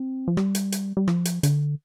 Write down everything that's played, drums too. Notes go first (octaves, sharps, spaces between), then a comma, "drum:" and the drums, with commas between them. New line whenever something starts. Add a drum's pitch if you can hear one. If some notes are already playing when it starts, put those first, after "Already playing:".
Already playing: C4
F3
G3, drum: rim click
drum: hi-hat
drum: hi-hat
G3
F3, drum: rim click
drum: hi-hat
D3, drum: hi-hat